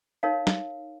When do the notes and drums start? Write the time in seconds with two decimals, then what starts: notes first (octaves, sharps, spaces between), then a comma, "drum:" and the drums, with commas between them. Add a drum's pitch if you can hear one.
0.23 D#4 A#4 C#5 F5
0.47 drum: snare